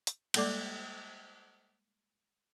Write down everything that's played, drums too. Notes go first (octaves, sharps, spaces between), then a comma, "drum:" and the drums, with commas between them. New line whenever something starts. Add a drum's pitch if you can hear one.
drum: hi-hat
G3 G#3 A#3 A4 D5 D6, drum: cymbal